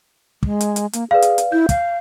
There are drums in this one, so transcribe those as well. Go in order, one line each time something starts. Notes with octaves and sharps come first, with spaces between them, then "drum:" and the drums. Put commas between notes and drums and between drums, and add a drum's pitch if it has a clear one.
G#3, drum: kick
drum: hi-hat
drum: hi-hat
A#3, drum: hi-hat
G#4 B4 D5 F5
drum: hi-hat
drum: hi-hat
E4 G6
F5, drum: kick, hi-hat